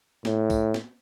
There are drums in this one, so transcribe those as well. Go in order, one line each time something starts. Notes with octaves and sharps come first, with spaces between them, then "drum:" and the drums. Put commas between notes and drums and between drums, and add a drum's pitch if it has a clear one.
A2, drum: snare
drum: kick C2, tambourine
drum: snare